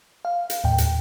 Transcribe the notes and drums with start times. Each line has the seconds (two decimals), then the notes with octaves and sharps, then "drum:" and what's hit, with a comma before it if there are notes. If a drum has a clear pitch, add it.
0.25 F5
0.50 drum: hi-hat
0.64 D#2 A2 G5
0.78 drum: hi-hat